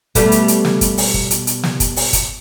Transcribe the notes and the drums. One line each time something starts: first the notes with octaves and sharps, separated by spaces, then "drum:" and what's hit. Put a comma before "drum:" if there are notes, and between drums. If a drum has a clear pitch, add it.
B2 G3 A3, drum: kick, hi-hat
drum: hi-hat
drum: hi-hat
drum: snare
drum: kick, hi-hat
drum: open hi-hat
drum: kick
drum: hi-hat
drum: hi-hat
drum: snare
drum: kick, hi-hat
drum: open hi-hat
drum: kick, hi-hat